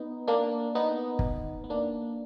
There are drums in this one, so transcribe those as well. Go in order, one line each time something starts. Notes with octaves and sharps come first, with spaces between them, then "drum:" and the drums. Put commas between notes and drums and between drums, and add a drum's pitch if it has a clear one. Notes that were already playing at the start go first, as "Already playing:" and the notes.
Already playing: B3 D#4
A#3 D4
B3 D#4
drum: kick
B3
A#3 D4